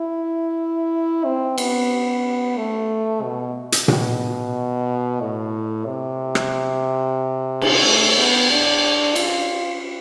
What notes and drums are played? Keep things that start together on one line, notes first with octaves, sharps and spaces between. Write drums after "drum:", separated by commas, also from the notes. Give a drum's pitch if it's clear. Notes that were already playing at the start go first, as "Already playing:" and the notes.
Already playing: E4
C4
B3, drum: cymbal
A3
B2
drum: hi-hat
B2, drum: tom A#2
A2
C3
drum: rim click
drum: cymbal
A3
B3
D4
F4, drum: cymbal